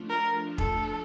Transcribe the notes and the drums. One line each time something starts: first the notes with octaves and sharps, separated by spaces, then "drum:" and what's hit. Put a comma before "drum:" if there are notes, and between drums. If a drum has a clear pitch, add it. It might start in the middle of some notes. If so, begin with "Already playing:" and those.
Already playing: F3 A3 D4 F4
A#4
A4, drum: kick